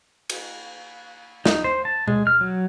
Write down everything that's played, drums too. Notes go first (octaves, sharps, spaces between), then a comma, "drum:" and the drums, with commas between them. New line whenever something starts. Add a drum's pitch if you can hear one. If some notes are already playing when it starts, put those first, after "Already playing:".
drum: cymbal
D#4, drum: snare
C5
A5
G#3, drum: tom B2
F6
F#3